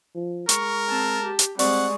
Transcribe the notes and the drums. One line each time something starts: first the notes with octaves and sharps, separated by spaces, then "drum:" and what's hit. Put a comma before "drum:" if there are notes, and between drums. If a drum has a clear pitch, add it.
F3
G#3 A#4 C#6, drum: hi-hat
C4 A5
G4
drum: hi-hat
G3 G#3 C4 D5 F#5 C#6, drum: open hi-hat